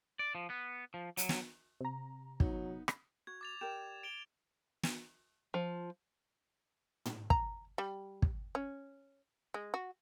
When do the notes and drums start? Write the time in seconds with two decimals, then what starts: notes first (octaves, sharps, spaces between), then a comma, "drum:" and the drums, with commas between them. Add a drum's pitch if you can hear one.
0.19 D5
0.35 F3
0.50 B3
0.94 F3
1.17 F#3, drum: hi-hat
1.29 drum: snare
1.81 C3 A#5
2.40 F#3 B3 D#4, drum: kick
2.88 drum: rim click
3.27 F#4 G#6
3.41 D6 A6 F7
3.61 G4 A#4 D5 E7
4.03 D7 F7 G7
4.83 drum: snare
5.54 F3
7.06 drum: tom
7.30 A#5, drum: kick
7.78 G3
8.22 drum: kick
8.55 C#4
9.54 G#3
9.74 F#4